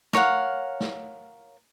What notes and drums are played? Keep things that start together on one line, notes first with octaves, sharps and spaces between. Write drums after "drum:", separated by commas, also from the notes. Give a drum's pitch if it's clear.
A#4 C#5 F5 F#5, drum: snare
drum: snare